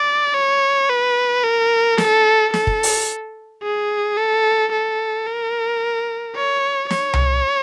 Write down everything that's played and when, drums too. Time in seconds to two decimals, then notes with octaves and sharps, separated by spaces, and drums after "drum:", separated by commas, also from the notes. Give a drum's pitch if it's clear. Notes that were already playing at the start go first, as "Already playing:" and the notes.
Already playing: D5
0.34 C#5
0.90 B4
1.44 A#4
1.98 A4, drum: snare
2.54 A4, drum: snare
2.67 drum: kick
2.83 drum: open hi-hat
3.63 G#4
4.17 A4
4.72 A4
5.27 A#4
6.36 C#5
6.91 C#5, drum: snare
7.14 drum: tom C2